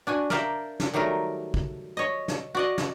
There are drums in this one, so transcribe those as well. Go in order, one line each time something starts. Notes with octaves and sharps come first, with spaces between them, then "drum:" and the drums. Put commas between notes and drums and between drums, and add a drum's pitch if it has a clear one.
D4 F#4 G#5
A#4 D5 E5 F5 G5, drum: snare
drum: snare
D#3 F#3 G3 A3 A#4
drum: kick
C#5 D#5
drum: snare
F#4 D5 D#5
drum: snare